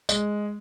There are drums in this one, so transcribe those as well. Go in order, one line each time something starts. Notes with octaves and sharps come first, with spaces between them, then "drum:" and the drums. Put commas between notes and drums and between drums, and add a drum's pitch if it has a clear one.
G#3, drum: tambourine